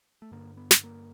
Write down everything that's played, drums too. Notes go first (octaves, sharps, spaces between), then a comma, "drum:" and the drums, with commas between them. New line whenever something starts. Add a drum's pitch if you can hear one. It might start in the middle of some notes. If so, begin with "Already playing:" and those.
A3
G2 D3 A#3
B3
drum: snare
A#3